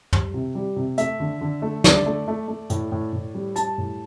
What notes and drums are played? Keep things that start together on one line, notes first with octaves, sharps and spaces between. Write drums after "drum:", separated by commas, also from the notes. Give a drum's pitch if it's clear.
G3, drum: tom
C3
G3
C3
A3 E5, drum: hi-hat
D3
D3
A3
D3 D5, drum: snare
A3
A3
A3
A2, drum: hi-hat
A2
A2
G3
G3 A5, drum: hi-hat
A2